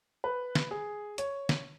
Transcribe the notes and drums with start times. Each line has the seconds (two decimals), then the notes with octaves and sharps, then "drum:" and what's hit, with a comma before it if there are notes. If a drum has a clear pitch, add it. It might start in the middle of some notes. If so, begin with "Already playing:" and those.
0.24 B4
0.55 drum: snare
0.71 G#4
1.18 C#5, drum: hi-hat
1.49 drum: snare